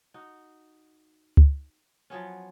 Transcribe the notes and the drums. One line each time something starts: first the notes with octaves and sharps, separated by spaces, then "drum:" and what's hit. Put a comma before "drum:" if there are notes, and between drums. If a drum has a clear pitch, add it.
D#4 F#4
drum: kick C#2
F3 F#3 B3 C#4